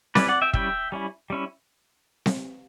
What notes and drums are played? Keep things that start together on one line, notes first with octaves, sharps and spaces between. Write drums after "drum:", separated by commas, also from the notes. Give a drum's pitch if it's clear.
G3 C#4 E4 B4 D5, drum: snare C4
D5 F#5
E5 G5
G3 C#4 E4 E5 G5, drum: kick
G3 C#4 E4
G3 C#4 E4
drum: snare C4